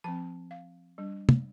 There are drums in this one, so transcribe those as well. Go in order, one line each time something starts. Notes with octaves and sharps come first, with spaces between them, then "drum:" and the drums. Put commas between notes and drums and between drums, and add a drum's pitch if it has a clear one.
F3 C4 A5
F5
G3 D4
drum: tom